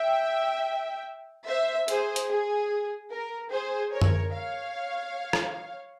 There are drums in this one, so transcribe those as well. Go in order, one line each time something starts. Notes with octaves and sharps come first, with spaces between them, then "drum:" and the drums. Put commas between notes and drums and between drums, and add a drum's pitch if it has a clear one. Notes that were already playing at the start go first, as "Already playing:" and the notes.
Already playing: E5 G5
C5 E5
G#4 C5, drum: hi-hat
drum: hi-hat
G#4
A#4
G#4 C5
A#4 C#5
drum: tom F#2
C#5 F5
drum: rim click